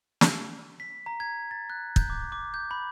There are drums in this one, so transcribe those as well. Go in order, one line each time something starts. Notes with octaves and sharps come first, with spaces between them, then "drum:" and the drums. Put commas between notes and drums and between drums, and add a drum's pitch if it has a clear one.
drum: snare
B6
A#5
G#6
A6
F#6
G6, drum: kick
D6
D6
G6
B5